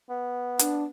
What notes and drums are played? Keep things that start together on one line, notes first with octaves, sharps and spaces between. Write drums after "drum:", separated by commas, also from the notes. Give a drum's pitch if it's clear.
B3
D4, drum: hi-hat